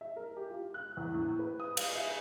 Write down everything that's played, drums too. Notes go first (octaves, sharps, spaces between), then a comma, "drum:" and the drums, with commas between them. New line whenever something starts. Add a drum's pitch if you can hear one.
E5
A#4
G4
F4
F#6
E2
A2
B4
D#6
F5, drum: cymbal
E5